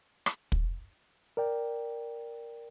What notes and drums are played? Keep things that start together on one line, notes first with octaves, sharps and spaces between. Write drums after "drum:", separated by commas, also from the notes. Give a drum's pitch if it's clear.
drum: rim click
drum: kick
A#4 D5 G5